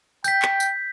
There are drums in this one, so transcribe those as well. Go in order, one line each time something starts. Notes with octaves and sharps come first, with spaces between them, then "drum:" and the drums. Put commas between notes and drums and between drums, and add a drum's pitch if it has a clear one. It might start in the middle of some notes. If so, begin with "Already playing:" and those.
G5 G6 B6, drum: tambourine
drum: clap
drum: tambourine